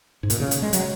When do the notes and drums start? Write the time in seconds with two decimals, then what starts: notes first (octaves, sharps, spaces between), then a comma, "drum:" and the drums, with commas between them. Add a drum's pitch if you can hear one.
0.23 G#2
0.30 A#2, drum: hi-hat
0.40 C#3
0.51 drum: hi-hat
0.62 G#3
0.73 F#3, drum: hi-hat